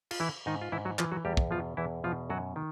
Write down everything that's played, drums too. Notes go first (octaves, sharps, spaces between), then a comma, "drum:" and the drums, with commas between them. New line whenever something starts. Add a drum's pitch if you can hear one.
F4, drum: cymbal
E3 E4
G#2 D#3 D#4
F4
G#2 E3 E4
F#3 F#4
E3 F3 F4, drum: clap
F#3 F#4
E2 G3 G4
drum: kick
B2 F3 F4
E2 E3 E4
B2 F3 F4
F#2 F#3 F#4
D#3